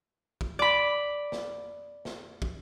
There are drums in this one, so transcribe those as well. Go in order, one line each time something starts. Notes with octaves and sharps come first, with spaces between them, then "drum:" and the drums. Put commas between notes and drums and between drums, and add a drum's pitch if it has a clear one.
drum: kick
D5 B5
drum: snare
drum: snare
drum: kick